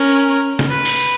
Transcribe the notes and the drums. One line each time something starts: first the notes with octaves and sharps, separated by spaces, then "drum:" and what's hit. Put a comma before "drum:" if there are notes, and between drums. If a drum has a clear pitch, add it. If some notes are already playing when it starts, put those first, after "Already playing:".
Already playing: C#4 A#4
drum: snare
B4
drum: open hi-hat